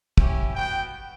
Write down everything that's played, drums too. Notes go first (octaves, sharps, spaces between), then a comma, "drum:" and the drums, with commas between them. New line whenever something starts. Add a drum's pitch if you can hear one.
C#4 E4 G4, drum: kick
B3 F#4 G5